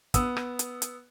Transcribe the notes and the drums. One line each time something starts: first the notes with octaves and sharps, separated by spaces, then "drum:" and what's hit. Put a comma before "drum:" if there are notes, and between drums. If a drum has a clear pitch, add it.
B3 D#6 E6, drum: kick, hi-hat
drum: rim click
drum: hi-hat
drum: hi-hat